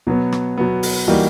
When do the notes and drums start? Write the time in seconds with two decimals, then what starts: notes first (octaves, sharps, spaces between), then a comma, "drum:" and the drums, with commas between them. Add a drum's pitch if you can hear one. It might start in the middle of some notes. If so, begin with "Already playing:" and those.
0.07 B2 F#3 B3
0.32 drum: rim click
0.57 B2 F#3 B3
0.83 drum: open hi-hat
1.08 E3 G3 A#3 D#4 F#4